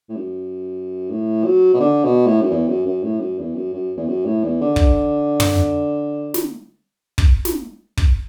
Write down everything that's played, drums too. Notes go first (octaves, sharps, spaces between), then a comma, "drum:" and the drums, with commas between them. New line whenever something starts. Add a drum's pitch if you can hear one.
A2
F#2
A2
F#3
B2
D3
B2
A2
F#2
E2
F#2
F#2
A2
F#2
E2
F#2
F#2
E2
F#2
A2
E2
D3
drum: kick
drum: tom
drum: snare
drum: kick
drum: snare
drum: kick